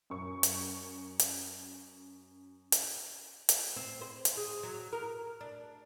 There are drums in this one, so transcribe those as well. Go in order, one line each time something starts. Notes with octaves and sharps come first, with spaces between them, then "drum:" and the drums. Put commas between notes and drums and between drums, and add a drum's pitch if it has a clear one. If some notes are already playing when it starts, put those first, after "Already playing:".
F#2 C#6
drum: hi-hat
drum: hi-hat
drum: hi-hat
drum: hi-hat
C4
C5
drum: hi-hat
G#4
F#3
A#4
D4